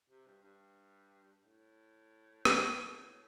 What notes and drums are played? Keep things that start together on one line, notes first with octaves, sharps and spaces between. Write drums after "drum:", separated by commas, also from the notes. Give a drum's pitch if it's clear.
C3
G2
G2
A2
drum: rim click
B2
A2